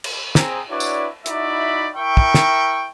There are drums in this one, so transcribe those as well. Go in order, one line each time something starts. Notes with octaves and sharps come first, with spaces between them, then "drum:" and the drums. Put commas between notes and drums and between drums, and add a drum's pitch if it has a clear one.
drum: cymbal
C4 G#4 A#5, drum: snare
D4 E4 F#4 B4 C#5 D5
drum: tambourine
D#4 E4 F#4 D5 E5 B5, drum: hi-hat
E4 A#4 E5 G5 C#6
drum: kick
drum: snare